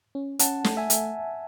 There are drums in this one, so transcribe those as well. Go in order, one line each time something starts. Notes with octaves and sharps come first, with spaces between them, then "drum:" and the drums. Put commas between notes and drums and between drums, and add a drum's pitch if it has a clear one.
C#4
C#4 F#5 A5, drum: hi-hat
A3, drum: snare
E5 G#5
A3, drum: hi-hat